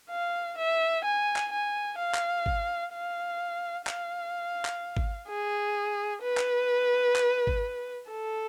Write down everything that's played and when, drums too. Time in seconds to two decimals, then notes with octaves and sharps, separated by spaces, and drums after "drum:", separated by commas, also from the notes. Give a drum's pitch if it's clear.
0.10 F5
0.58 E5
1.04 G#5
1.36 drum: clap
1.52 G#5
1.99 F5
2.15 drum: clap
2.46 drum: kick G#1
2.93 F5
3.87 F5, drum: clap
4.65 drum: clap
4.97 drum: kick G#1
5.28 G#4
6.21 B4
6.38 drum: clap
7.16 drum: clap
7.47 drum: kick G#1
8.10 A4